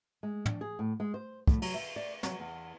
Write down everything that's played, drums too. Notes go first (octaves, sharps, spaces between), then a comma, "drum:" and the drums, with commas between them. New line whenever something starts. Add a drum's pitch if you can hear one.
G#3
D4, drum: tom
G#4
A2
G#3
C5
A2, drum: kick
F#3, drum: cymbal
E5
D5
F#3, drum: snare
E2